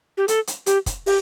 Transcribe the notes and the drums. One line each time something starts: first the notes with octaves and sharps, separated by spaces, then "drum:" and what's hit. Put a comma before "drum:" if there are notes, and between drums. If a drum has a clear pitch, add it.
G4
A4, drum: hi-hat
drum: hi-hat
G4, drum: hi-hat
drum: kick, hi-hat
G4, drum: open hi-hat